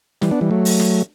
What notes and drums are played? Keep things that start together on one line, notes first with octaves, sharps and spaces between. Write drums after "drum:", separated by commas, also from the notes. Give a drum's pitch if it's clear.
E3 G3, drum: snare
B3 D4
E3 G3
F#3 A3
drum: open hi-hat
drum: snare